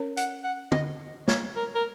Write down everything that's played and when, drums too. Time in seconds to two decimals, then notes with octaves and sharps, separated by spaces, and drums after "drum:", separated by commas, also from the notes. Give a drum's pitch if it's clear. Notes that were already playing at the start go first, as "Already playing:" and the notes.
Already playing: C#4 A#4 C#5
0.17 F#5, drum: hi-hat
0.44 F#5
0.72 D#5, drum: tom
1.28 C#5, drum: snare
1.56 A#4
1.75 A#4